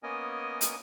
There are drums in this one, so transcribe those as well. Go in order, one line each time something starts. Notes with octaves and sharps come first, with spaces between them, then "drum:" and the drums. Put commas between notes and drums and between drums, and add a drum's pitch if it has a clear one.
A#3 B3 C#4 A#4 D#5 G#5
drum: hi-hat